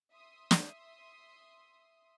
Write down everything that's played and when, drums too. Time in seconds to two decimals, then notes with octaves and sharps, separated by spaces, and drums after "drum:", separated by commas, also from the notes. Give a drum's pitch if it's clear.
0.12 E5 C6 D#6
0.51 drum: snare